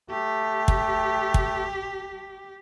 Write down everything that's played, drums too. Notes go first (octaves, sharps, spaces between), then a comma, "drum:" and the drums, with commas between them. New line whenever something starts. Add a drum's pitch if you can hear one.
A3 G4
drum: kick
drum: kick